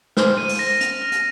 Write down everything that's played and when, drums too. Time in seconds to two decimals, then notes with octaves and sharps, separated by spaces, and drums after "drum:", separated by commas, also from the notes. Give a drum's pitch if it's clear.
0.17 C5 F6, drum: snare
0.38 D#7
0.49 drum: open hi-hat
0.59 A#6
0.81 F7, drum: hi-hat
1.02 F6
1.12 drum: hi-hat